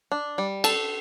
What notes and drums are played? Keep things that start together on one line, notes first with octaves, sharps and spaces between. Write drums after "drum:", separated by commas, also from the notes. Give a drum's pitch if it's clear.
D4
G3
A4, drum: cymbal